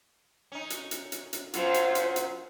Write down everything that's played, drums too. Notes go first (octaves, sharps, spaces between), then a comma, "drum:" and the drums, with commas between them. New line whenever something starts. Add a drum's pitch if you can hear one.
C#4 D#4
drum: hi-hat
drum: hi-hat
drum: hi-hat
drum: hi-hat
F#2 F#3 B3 F4 C5, drum: hi-hat
drum: hi-hat
drum: hi-hat
drum: hi-hat